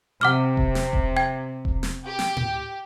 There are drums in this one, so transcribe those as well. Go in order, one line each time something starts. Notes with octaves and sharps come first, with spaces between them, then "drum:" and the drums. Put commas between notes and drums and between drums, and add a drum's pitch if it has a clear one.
C3 F#5 D6 F6
drum: kick E1
drum: snare
drum: kick E1
G5 G#6
drum: kick E1
drum: snare
G4
drum: snare
drum: tom A2